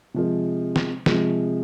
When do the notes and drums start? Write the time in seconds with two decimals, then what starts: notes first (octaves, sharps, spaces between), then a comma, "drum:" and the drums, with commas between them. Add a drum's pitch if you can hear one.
0.14 C3 F3 G#3
0.76 drum: snare
1.06 C3 F3 G#3, drum: snare